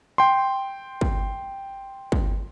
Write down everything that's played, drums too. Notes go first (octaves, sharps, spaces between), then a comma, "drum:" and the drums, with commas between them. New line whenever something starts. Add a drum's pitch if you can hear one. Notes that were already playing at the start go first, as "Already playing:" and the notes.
G5 C6
drum: kick
drum: kick